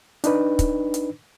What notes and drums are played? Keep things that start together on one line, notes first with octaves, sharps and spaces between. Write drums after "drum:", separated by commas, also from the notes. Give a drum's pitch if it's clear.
D4 D#4 B4, drum: hi-hat
drum: kick, hi-hat
drum: hi-hat